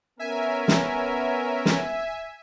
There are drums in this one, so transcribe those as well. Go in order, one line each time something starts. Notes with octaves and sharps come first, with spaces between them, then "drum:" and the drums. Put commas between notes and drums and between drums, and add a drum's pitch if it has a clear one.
B3 C#4 A#4 E5 G#5
drum: snare
drum: snare